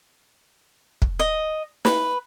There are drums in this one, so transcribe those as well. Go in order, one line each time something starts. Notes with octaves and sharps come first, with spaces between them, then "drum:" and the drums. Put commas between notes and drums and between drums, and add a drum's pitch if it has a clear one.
drum: kick
D#5
B4, drum: snare